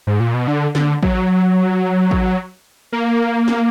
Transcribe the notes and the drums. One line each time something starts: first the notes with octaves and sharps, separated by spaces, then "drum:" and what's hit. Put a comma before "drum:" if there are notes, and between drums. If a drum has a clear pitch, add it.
G#2
A#2
B2
D3
D3, drum: snare
F#3, drum: kick A1
drum: kick A1
A#3
drum: snare